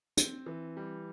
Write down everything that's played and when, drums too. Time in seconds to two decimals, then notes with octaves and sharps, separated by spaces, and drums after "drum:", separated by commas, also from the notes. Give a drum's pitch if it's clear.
0.17 C4, drum: hi-hat
0.46 E3
0.77 G3